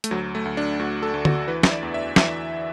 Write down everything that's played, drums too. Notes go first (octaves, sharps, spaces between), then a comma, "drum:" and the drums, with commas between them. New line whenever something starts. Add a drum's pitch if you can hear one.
A3, drum: hi-hat
D2 F#3
A3
D2
D4
D2 F#4
A4
D2
F#4, drum: tom D3
E3 B4
E5, drum: snare
D5
E2
E5
E3 E5, drum: snare